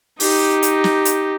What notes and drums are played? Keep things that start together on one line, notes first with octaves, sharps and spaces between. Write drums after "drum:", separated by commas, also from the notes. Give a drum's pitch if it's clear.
D#4 G4, drum: open hi-hat
drum: hi-hat
drum: snare
drum: hi-hat